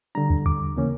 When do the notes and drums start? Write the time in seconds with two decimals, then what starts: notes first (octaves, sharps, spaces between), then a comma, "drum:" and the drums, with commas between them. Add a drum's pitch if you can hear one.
0.15 D3 G3 D4 A#5
0.30 drum: kick
0.46 D6, drum: kick
0.76 C#3 E3 A#3 C#4